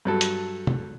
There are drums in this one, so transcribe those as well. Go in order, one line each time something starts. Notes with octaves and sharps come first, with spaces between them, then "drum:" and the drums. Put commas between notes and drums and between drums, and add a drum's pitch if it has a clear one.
G2 F#3 A4
drum: hi-hat
drum: tom